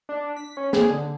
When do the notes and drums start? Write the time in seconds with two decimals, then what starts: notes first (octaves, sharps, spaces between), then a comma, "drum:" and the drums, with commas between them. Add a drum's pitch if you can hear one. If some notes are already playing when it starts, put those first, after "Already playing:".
0.09 D4
0.37 B6
0.57 C#4
0.73 G#4, drum: snare
0.90 D3